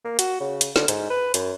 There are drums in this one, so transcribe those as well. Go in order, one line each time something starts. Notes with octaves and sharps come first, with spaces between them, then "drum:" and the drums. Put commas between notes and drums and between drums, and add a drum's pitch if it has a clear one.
A#3
F#4, drum: hi-hat
C#3
drum: hi-hat
D3, drum: snare
G#2, drum: hi-hat
B4
F#2, drum: hi-hat